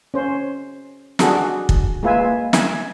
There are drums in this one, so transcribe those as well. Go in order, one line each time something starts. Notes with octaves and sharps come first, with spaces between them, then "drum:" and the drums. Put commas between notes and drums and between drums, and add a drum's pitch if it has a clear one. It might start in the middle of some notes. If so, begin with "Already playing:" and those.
C#4 C5
D4 F#4 G#4 A4 D#5, drum: snare
drum: kick
G#3 A#3 F4 B4 E5 G#5
E5 G#5, drum: snare